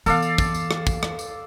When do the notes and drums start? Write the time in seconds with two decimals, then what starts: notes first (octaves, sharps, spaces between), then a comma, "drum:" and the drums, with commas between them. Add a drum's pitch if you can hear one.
0.06 E3 B3 A4 D5 F5, drum: tambourine
0.22 drum: tambourine
0.38 drum: kick, tambourine
0.54 drum: tambourine
0.71 drum: rim click
0.87 drum: kick, tambourine
1.03 drum: rim click
1.19 drum: tambourine